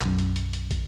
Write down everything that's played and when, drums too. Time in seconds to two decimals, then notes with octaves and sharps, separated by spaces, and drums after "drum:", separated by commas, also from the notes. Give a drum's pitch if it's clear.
0.01 B1 F#2, drum: clap
0.18 drum: hi-hat
0.36 drum: hi-hat
0.53 drum: hi-hat
0.71 drum: kick, hi-hat